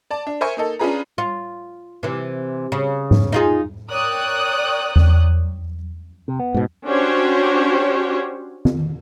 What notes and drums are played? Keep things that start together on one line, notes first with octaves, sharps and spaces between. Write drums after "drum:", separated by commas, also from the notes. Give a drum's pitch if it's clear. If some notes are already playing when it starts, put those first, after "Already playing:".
D5 A5
D4
A#4 C5 E5 G#5 C#6
A#3 D#4 A4
C#4 D4 F4 G#4 B4 A#5
F4
C3 E3
C#3
drum: tom G#2
D#4 F4 G#4
A#4 C#5 D5 G5 D#6 F#6
drum: tom E2
C3
B3
G#2 B2
C#4 D4 F#4 G4 C5 C#5
drum: tom D#3